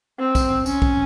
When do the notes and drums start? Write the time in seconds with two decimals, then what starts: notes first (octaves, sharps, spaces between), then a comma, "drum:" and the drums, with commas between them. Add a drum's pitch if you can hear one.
0.20 C4
0.35 drum: kick, tambourine
0.66 C#4, drum: tambourine
0.82 drum: kick